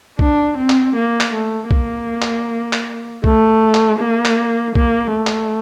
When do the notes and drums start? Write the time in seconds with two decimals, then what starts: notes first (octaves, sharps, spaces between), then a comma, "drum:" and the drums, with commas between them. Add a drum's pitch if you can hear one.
0.19 D4, drum: kick B1
0.58 C4
0.70 drum: clap
0.95 A#3
1.20 drum: clap
1.33 A3
1.71 A#3, drum: kick B1
2.22 drum: clap
2.73 drum: clap
3.24 A3, drum: kick B1
3.74 drum: clap
3.99 A#3
4.25 drum: clap
4.75 A#3, drum: kick B1
5.14 A3
5.27 drum: clap